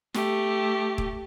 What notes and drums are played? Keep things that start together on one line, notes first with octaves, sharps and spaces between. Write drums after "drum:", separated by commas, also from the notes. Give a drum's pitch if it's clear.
A3 G4, drum: snare
drum: kick D#1